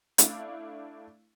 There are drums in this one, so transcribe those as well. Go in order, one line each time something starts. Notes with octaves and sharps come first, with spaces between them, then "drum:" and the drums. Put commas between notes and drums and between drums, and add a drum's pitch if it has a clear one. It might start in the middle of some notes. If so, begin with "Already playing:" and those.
A3 D4 E4 F5, drum: hi-hat